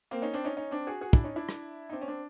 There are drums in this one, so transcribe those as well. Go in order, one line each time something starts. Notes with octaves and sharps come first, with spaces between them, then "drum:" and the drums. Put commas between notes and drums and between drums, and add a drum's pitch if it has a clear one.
A#3 C4
C#4 D#4
C4 D4
C#4 D#4
C#4 D#4
C4 D4
F#4 G#4
F#4 G#4
D4 E4, drum: kick
C#4 D#4
D4 E4
drum: rim click
D#4
C4 D4
C#4
C4 D4